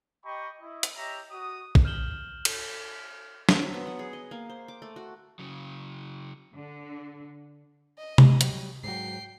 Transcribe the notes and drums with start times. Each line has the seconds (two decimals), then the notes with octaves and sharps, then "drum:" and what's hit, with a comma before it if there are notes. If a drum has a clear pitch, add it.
0.25 G4 D#5 G5 A#5 B5 C#6
0.61 E4 D#5
0.83 drum: hi-hat
0.96 G4 C#5 D#5 E5 A#5
1.31 F#4 D#6
1.75 drum: kick
1.85 F6 G6 E7 F#7 G7
2.45 drum: cymbal
3.49 C4, drum: snare
3.62 F#3
3.74 B3
3.87 F#5
3.99 G#4
4.13 D#5
4.31 A#3
4.50 C5
4.68 D6
4.82 A3
4.96 F#4
5.39 C#3 F#3
6.53 D3
7.98 D#5
8.18 drum: tom C3
8.41 F#3 G3, drum: hi-hat
8.84 G#2 F#3 G5 C7